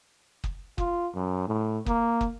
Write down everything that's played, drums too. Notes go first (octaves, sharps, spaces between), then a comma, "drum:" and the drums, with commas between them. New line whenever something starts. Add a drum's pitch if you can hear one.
drum: kick
F4, drum: kick
F#2
A2
A#3, drum: kick
drum: kick